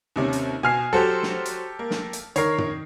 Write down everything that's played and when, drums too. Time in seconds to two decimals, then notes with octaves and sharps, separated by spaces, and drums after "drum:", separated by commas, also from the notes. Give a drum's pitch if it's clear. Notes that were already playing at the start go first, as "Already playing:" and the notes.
0.16 D#2 C3 C#4
0.33 drum: hi-hat
0.63 B2 G#5 F6 C7
0.93 F#3 F#4 G4 A4 C5
1.23 drum: snare
1.46 drum: hi-hat
1.79 A#3
1.91 drum: snare
2.13 drum: hi-hat
2.36 D#3 A#4 C#5 C7, drum: hi-hat
2.58 drum: tom